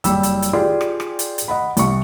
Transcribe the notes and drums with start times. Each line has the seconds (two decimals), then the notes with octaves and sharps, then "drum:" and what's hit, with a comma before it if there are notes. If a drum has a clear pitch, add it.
0.04 F#1 G3 E6, drum: kick, hi-hat
0.23 drum: hi-hat
0.42 drum: hi-hat
0.53 F4 G4 G#4 D5
0.81 drum: rim click
1.00 drum: rim click
1.19 drum: hi-hat
1.38 drum: hi-hat
1.48 D#5 F#5 B5
1.77 C2 C3 C#6, drum: hi-hat